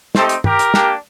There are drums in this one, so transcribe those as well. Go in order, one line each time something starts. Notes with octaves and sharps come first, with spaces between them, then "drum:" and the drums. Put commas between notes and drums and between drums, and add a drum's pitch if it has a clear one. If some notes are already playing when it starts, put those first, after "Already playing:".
A3 C4 D#4 G4 A4 C5, drum: snare
drum: hi-hat
G4 A#4, drum: tom
drum: hi-hat
A#3 D4 G4, drum: snare